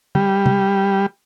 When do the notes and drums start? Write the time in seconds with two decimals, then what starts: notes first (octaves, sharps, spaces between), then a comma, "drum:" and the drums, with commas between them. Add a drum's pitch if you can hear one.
0.15 G3, drum: tom
0.46 drum: tom C3